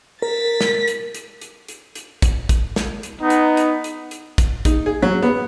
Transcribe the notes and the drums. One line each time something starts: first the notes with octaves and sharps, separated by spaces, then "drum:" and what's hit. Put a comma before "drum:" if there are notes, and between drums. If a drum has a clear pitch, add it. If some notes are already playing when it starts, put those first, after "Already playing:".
A#4 A6 B6
drum: snare
drum: hi-hat
drum: hi-hat
drum: hi-hat
drum: hi-hat
drum: hi-hat
drum: kick, hi-hat
drum: kick, hi-hat
drum: snare
drum: hi-hat
B3 D#4
drum: hi-hat
drum: hi-hat
drum: hi-hat
drum: hi-hat
drum: kick, hi-hat
D#4, drum: kick, hi-hat
G#4
F#3
B3